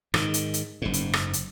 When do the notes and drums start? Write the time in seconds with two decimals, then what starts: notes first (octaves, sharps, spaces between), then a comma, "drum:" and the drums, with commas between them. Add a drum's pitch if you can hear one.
0.14 G#2 D#3, drum: rim click
0.34 drum: hi-hat
0.54 drum: hi-hat
0.82 F#1 G#2
0.94 drum: hi-hat
1.13 drum: rim click
1.33 drum: hi-hat